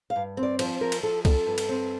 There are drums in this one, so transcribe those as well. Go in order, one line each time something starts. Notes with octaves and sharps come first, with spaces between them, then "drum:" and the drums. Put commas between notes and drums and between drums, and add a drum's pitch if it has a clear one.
F5
G2
C4
D5
F3 C5, drum: cymbal
F3 A#4
drum: cymbal
F3 A4
C4 A4, drum: kick C2, cymbal
G2
drum: cymbal
C4